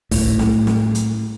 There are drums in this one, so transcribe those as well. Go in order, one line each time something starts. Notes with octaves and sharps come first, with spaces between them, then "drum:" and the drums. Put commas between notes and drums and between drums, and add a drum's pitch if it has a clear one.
A2, drum: kick, open hi-hat
drum: snare
drum: snare
drum: hi-hat